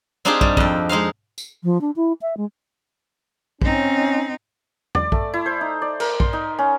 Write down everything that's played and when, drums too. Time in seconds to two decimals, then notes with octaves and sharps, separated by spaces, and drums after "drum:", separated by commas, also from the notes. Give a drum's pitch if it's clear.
0.25 C4 D4 D#4 F4 G4 G#4
0.41 G3, drum: kick
0.57 F2 G5, drum: kick
0.89 G#3 D#4 C5 F5
1.38 drum: tambourine
1.63 F3
1.81 D4
1.96 E4
2.22 E5
2.37 G#3
3.62 C4 C#4 D#4, drum: kick
4.95 D5, drum: tom E2
5.12 A3, drum: kick
5.34 E4
5.46 C5
5.61 D#4
5.82 D5
6.00 A#4, drum: cymbal
6.20 C6, drum: kick
6.33 D#4
6.59 C#4